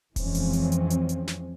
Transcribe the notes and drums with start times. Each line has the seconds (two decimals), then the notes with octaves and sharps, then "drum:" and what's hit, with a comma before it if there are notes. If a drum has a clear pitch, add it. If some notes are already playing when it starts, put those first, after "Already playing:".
0.16 F2 E3 F3 G#3 C4 C#4, drum: kick D#1, open hi-hat
0.35 drum: open hi-hat
0.53 drum: hi-hat
0.72 drum: hi-hat
0.90 drum: hi-hat
1.09 drum: hi-hat
1.27 drum: snare